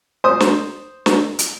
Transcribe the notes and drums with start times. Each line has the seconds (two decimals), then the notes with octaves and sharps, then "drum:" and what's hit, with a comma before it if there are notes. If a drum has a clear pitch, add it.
0.24 C5 D#6
0.40 drum: snare
1.06 drum: snare
1.39 drum: hi-hat